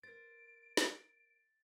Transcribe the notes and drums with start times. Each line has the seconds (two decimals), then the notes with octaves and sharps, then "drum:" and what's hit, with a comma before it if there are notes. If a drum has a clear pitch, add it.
0.03 A#4 C5 A6 D7
0.77 drum: snare